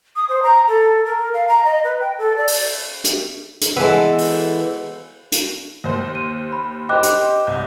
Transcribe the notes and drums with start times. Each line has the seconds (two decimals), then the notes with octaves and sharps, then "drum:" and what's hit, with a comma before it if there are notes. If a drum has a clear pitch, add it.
0.16 D#6
0.29 C5
0.43 A#5
0.68 A4
1.05 A#4
1.34 F5
1.48 A#5
1.64 D#5
1.84 B4
2.00 G5
2.18 A4
2.37 D5
2.47 drum: open hi-hat
3.04 drum: hi-hat
3.61 drum: hi-hat
3.77 E3 G#3 B3 A4
4.18 drum: open hi-hat
5.32 drum: hi-hat
5.84 D#2 C5
6.15 D#7
6.52 B5
6.89 G4 C5 D#5 G5 D6 F#6
7.03 drum: hi-hat
7.47 C2 G6